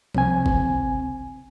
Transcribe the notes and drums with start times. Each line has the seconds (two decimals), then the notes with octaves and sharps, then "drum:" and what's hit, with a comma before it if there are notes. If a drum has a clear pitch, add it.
0.15 C2 C4 G#5, drum: tom F3
0.46 drum: kick